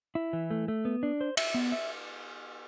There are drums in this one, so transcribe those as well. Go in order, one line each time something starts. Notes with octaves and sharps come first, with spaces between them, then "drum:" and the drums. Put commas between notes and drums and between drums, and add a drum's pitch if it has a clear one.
E4
E3
A3
A3
B3
D4
C5
E5, drum: cymbal
B3
E5